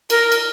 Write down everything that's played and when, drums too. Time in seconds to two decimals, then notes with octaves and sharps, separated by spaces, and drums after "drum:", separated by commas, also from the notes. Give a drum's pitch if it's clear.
0.10 A#4, drum: cymbal
0.32 drum: cymbal